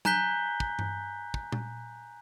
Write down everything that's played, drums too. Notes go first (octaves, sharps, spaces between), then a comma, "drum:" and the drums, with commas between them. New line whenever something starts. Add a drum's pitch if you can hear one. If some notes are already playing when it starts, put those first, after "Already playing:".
G#5 A#5 F#6 G6 B6 G7, drum: tom F#3
drum: kick
drum: tom G2
drum: kick
drum: tom